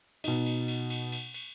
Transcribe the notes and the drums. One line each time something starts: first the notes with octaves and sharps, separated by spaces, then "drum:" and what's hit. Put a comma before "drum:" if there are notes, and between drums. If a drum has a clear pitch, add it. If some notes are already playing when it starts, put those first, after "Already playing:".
B2 D#4, drum: cymbal
drum: cymbal
drum: cymbal
drum: cymbal
drum: cymbal
drum: cymbal